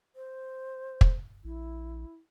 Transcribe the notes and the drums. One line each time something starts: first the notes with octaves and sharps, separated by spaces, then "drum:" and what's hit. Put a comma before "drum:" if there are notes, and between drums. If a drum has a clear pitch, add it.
C5
drum: kick
A#1 E4